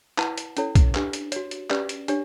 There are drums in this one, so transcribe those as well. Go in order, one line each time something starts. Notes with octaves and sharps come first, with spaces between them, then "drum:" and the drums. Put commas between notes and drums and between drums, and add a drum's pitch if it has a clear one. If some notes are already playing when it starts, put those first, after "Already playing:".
E4 B4 F#5 A5, drum: clap
drum: hi-hat
C#4 E4 A4 C#5, drum: hi-hat
drum: kick, hi-hat
D4 G4 B4, drum: clap
drum: hi-hat
F#4 C#5, drum: hi-hat
drum: hi-hat
C#4 G4 B4 D5, drum: clap
drum: hi-hat
D4 G4 C#5, drum: hi-hat